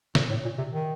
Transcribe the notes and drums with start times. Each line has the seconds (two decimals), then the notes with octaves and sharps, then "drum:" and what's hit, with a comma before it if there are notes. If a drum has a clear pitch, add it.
0.15 A#2, drum: snare
0.30 A2
0.44 A#2
0.58 C3
0.72 D#3